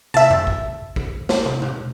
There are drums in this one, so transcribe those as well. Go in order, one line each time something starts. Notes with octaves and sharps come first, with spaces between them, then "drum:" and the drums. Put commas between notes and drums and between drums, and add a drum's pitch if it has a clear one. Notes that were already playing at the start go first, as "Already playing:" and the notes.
E5 A5, drum: tom
drum: tom F2
drum: kick A1
drum: kick A1
drum: snare
drum: tom
drum: tom B2